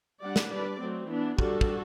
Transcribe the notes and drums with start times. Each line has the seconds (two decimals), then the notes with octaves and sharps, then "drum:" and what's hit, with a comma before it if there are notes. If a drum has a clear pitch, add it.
0.23 G3 D4 D5 F#5
0.36 drum: snare
0.52 G3 D4 B4 D5
0.80 F#3 A3 C4
1.09 E3 B3 D4
1.39 G3 D4 F#4 A4, drum: kick
1.61 drum: kick